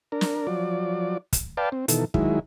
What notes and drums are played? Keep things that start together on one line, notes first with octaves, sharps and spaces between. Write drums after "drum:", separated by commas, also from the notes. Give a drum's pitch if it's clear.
D4 A#4
drum: snare
F3 F#3 D5
drum: kick, hi-hat
B4 D5 F5 G5 A5
C4
B2 D#3 E3 A4, drum: hi-hat
D#3 F#3 G#3 E4, drum: kick